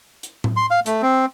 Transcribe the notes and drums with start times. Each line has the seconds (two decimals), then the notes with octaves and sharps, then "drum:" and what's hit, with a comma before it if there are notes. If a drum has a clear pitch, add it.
0.23 drum: hi-hat
0.44 drum: tom A2
0.57 C6
0.71 F5
0.86 A3, drum: hi-hat
1.02 C4